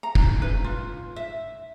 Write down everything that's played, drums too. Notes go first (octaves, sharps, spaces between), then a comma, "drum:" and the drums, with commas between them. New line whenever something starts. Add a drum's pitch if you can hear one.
A#5
drum: kick
B4
F4
E5